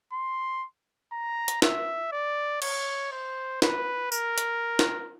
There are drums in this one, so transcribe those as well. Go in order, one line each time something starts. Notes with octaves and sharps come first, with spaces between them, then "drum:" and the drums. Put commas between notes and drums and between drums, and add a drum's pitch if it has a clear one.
C6
A#5
drum: hi-hat
E5, drum: snare
D5
C#5, drum: cymbal
C5
B4, drum: snare
A#4, drum: tambourine
drum: hi-hat
drum: snare